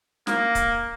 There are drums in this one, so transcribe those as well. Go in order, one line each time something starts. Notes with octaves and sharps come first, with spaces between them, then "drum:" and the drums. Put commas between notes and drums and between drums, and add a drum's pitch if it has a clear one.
A#3, drum: snare
drum: kick C#1, hi-hat